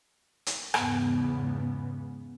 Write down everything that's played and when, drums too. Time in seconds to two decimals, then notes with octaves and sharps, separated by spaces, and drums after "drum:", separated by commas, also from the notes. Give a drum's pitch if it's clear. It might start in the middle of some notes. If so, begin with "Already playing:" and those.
0.46 drum: hi-hat
0.74 E2 G#2 C#3 B3, drum: rim click